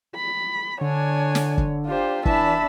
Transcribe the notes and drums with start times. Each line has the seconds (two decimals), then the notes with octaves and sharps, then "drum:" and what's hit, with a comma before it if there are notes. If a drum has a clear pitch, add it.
0.15 B5
0.81 D3 D4 C#5 G#5
1.35 drum: snare
1.58 drum: kick
1.86 D4 F4 G4 C5
2.25 E3 D4 E5 A5 B5, drum: kick